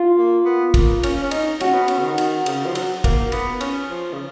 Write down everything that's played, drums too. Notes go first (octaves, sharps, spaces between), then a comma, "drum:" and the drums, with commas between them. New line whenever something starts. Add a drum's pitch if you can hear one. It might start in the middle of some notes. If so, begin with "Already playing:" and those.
Already playing: F4
A#3
B3
A#3, drum: kick, cymbal
C#4, drum: cymbal
C#4
D#4, drum: cymbal
C#4 F#4, drum: cymbal
B3
C#4, drum: cymbal
C#3
D#3
drum: cymbal
C#3, drum: cymbal
F3
F#3, drum: cymbal
A#3, drum: kick, cymbal
B3, drum: cymbal
C#4, drum: cymbal
F3
C#3